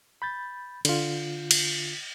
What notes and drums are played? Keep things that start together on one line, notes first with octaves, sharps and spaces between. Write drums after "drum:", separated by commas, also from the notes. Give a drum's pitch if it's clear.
B5 G6 A6
D3 F4, drum: cymbal
drum: cymbal